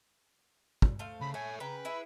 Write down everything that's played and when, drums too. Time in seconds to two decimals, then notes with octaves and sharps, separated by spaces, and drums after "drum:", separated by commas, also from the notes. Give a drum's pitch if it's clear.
0.82 drum: kick
0.99 A3 C5 F5
1.21 C#3 B5
1.34 A3 A4 C#5 G#5
1.60 C#3 B4 G5 A#5
1.85 E4 G#4 E5 B5